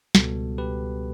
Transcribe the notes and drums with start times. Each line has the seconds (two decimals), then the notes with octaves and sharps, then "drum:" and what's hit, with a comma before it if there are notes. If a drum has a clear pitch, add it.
0.15 C#2 B2 G3 B3 F#4 A4, drum: snare
0.58 G4 B4